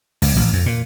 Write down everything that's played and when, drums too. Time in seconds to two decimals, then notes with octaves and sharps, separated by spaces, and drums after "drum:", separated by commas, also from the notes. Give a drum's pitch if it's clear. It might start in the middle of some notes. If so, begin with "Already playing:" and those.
0.22 C#2, drum: open hi-hat
0.36 A1
0.53 F2
0.66 A#2